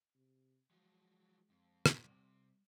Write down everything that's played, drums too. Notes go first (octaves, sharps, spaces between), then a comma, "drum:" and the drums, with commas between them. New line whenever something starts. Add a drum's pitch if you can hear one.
C3
F3 F#3 G#3
F2
drum: rim click
F1 C3 G3